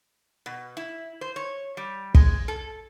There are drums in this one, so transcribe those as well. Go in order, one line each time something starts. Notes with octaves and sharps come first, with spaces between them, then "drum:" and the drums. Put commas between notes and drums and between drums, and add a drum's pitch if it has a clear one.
B2
E4
C5
C#5
G3
G#3, drum: kick
A4